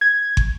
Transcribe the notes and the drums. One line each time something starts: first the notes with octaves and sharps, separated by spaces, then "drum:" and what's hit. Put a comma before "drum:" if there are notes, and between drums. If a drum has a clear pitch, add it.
G#6
drum: kick